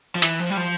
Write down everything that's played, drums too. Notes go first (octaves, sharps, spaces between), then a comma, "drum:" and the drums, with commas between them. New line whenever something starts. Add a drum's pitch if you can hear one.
F3
E3, drum: hi-hat
F3
G3
F3